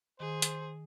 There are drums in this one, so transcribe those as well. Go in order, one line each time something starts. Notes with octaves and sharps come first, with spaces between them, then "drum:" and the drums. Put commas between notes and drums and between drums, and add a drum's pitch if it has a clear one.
D#3 G#4 C5
drum: hi-hat